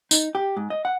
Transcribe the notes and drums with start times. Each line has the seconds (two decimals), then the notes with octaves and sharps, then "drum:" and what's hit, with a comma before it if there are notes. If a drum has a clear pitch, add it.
0.11 D#4, drum: tambourine
0.35 G4
0.57 G#2
0.70 D#5
0.85 F#5